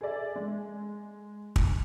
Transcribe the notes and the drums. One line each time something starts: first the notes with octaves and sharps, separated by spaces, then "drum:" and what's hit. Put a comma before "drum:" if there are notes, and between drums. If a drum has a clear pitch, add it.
G#4 A4 D5 E5
G#3
drum: kick